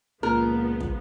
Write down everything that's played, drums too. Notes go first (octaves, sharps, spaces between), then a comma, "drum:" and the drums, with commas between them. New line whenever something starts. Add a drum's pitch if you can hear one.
C#2 A#2 F3 B3 A#4
drum: kick